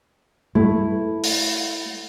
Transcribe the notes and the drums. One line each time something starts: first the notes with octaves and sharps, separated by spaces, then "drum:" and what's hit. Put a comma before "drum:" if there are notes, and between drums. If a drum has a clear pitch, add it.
A3 E4
drum: open hi-hat